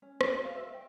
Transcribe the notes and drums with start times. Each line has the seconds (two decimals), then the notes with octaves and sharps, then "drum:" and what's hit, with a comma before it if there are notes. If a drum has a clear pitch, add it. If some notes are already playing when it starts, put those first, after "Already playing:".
0.02 C#4
0.21 F#4, drum: rim click
0.45 F5
0.56 E5
0.74 G5